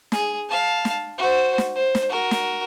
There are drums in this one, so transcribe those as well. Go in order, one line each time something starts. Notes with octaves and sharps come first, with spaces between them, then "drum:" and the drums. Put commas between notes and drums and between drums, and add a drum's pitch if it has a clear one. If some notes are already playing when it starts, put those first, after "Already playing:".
G#4, drum: snare
F5 A5
drum: snare
F#4 C5
drum: snare
C5
drum: snare
F#4 A#4
drum: snare